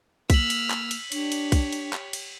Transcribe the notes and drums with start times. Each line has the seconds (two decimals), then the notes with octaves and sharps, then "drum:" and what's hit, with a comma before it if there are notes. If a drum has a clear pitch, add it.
0.30 A#3 E6 F6 B6 F#7, drum: kick B1, cymbal
0.50 drum: cymbal
0.70 drum: clap
0.91 drum: cymbal
1.12 D4 G4 C#5, drum: cymbal
1.32 drum: cymbal
1.52 drum: kick B1, cymbal
1.72 drum: cymbal
1.93 drum: clap
2.13 drum: cymbal